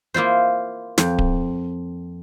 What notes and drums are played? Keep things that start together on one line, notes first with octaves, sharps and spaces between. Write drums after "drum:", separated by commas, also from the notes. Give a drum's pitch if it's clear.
A#3 E4 F4 C5
F2, drum: snare
drum: kick D1